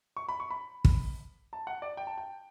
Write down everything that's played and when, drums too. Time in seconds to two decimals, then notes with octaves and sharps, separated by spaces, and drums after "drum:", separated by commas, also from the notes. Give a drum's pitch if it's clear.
0.17 C#6
0.29 B5
0.40 C#6
0.51 B5
0.85 drum: kick
1.53 A5
1.67 F#5
1.82 D5
1.97 G5
2.07 A5
2.18 G5